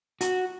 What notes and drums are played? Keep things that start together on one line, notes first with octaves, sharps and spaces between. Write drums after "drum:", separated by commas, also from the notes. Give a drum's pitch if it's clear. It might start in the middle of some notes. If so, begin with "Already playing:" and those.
F#4, drum: hi-hat